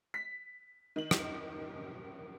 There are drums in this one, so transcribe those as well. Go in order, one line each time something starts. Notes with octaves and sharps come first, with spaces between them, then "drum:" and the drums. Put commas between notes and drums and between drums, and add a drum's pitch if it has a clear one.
B6
D#3 F#7
drum: rim click